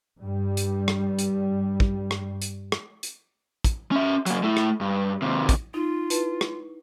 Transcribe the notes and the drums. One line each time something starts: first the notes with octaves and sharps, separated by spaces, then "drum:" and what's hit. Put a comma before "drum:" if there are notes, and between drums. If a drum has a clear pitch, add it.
G2 G3
drum: hi-hat
drum: rim click
drum: hi-hat
drum: kick
drum: rim click
drum: hi-hat
drum: rim click
drum: hi-hat
drum: kick, hi-hat
C#4 E5
F#3 A#3, drum: hi-hat
A3 E4
drum: rim click
G2
D#2 C3
drum: kick, hi-hat
D#4 F4
E4 B4 A5, drum: hi-hat
drum: rim click